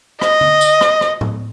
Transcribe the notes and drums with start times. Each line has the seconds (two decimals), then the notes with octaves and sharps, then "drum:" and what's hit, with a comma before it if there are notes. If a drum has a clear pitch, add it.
0.21 D#5, drum: rim click
0.41 drum: tom D3
0.61 drum: tambourine
0.81 drum: rim click
1.01 drum: rim click
1.21 drum: tom